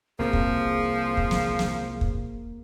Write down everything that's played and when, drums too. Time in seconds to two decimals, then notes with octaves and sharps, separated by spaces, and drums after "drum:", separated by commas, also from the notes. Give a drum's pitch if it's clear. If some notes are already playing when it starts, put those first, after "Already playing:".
0.19 C2 F3 A#3 C4 G#4
0.33 drum: kick
1.17 drum: kick
1.31 drum: snare
1.59 drum: snare
2.01 drum: kick